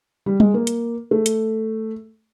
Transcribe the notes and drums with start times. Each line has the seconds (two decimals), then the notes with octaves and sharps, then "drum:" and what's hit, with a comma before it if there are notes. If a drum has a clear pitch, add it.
0.26 G3
0.40 G#3, drum: tom G3
0.54 A#3
0.67 drum: hi-hat
1.11 A3
1.26 drum: hi-hat